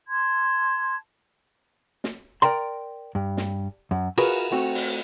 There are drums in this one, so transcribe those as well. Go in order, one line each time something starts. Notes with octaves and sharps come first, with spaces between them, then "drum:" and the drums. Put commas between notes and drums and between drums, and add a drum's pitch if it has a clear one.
A5 C6 G#6
drum: snare
A#4 D5 G5 A#5 C6
G2
drum: snare
F#2
F4 F#4 G#4 A#4 B4, drum: cymbal
A3 C4 F#4
drum: open hi-hat